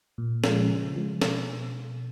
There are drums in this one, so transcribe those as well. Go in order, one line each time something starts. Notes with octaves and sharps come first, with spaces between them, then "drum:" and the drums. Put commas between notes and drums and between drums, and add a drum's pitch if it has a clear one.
A#2
F3 G#3 C#4, drum: snare
C#3
F3 G#3
B2, drum: snare